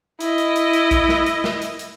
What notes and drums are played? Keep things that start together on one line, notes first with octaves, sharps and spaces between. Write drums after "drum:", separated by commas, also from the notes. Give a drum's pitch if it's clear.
E4 D#5, drum: hi-hat
drum: hi-hat
drum: hi-hat
drum: hi-hat
drum: kick A#1, hi-hat
drum: snare
drum: hi-hat
drum: snare
drum: hi-hat
drum: hi-hat